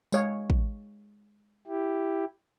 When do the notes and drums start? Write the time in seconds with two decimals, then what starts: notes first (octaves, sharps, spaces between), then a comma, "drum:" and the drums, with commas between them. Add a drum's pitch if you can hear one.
0.12 G#3 C#5 F5, drum: tambourine
0.50 drum: kick
1.67 E4 G4